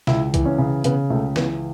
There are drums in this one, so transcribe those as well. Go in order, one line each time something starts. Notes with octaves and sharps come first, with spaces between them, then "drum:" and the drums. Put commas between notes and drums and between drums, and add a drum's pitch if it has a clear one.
C#2 E4, drum: snare
E3, drum: kick, hi-hat
C#4
C#3
C#3 B3, drum: hi-hat
C#2 A3
E3 B3, drum: snare